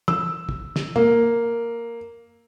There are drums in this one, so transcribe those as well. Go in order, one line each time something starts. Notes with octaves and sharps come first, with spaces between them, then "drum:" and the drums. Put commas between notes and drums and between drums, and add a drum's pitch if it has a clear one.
E6, drum: tom
drum: kick
drum: snare
A#3, drum: tom